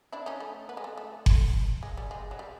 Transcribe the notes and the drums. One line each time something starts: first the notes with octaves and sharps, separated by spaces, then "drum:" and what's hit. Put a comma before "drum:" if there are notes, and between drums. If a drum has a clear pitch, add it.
D4 E4
C#4 D#4
A3
B3
G#3
A3
A3
drum: kick F#1
G#3
G3
G#3
F#3
G3